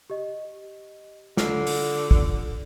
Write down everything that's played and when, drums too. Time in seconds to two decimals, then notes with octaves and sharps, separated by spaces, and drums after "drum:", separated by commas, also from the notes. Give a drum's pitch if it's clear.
0.10 G4 D#5
1.37 D3 F4 F6 C7, drum: snare
1.67 drum: open hi-hat
2.11 drum: kick